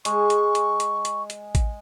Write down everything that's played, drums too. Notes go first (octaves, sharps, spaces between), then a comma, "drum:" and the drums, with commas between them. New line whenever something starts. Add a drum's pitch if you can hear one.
G#3 G#4 C#6, drum: hi-hat
drum: hi-hat
drum: hi-hat
drum: hi-hat
drum: hi-hat
drum: hi-hat
drum: kick A1, hi-hat